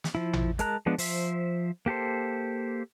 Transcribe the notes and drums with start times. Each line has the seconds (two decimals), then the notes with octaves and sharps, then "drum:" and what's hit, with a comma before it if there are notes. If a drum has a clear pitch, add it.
0.04 drum: snare
0.15 F3 E4
0.33 drum: tom A1
0.59 G#3 A#4 A5 A#5 F#6, drum: hi-hat
0.86 F3 G#3 B3 D4
0.98 F3 C5 E5, drum: open hi-hat
1.86 A#3 G4 A4 C5